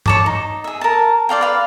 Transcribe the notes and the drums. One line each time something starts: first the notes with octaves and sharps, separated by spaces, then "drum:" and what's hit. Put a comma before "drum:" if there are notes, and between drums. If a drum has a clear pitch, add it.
C#5 A5 D6, drum: tom G2
D#4
G#4 E5
A#4 A5
C5 D5 F5 G5
B4 D5 F5